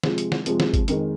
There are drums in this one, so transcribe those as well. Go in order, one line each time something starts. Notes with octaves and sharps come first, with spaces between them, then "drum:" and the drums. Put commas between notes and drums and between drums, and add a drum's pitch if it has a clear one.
C3 F3 G#3, drum: snare
drum: hi-hat
drum: snare
C3 F3 G#3, drum: hi-hat
drum: snare
drum: kick G#1, hi-hat
F2 D#3 G#3, drum: hi-hat